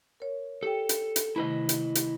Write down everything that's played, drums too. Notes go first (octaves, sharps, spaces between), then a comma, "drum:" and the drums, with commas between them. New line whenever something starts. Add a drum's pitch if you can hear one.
A#4 C#5
G4 A4 G5
drum: hi-hat
drum: hi-hat
C3 D#3 A3 E4 B4 D#5
drum: hi-hat
drum: hi-hat